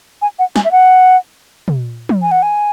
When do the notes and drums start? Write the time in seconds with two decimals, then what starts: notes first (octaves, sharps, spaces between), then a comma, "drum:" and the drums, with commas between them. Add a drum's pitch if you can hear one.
0.22 G#5
0.39 F#5
0.56 G#5, drum: snare
0.65 E5
0.72 F#5
1.68 drum: tom
2.09 drum: tom
2.22 G#5
2.32 F#5
2.43 G#5